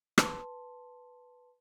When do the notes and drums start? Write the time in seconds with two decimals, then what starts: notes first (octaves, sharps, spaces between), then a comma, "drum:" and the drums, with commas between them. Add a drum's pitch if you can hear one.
0.18 B4 A5 C6, drum: rim click